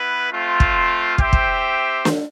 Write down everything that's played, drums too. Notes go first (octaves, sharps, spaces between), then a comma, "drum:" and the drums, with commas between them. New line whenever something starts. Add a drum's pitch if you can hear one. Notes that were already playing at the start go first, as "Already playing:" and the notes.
Already playing: B3 E4 B4
A3 C4 F4
drum: kick
C4 G4 C5 E5 G5, drum: kick
drum: kick
drum: snare